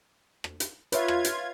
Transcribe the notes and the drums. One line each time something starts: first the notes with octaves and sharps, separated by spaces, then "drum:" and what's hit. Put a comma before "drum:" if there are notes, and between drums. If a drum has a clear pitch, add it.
drum: rim click
drum: hi-hat
F4 B4 C#5 E5 G#6, drum: hi-hat
drum: rim click
drum: hi-hat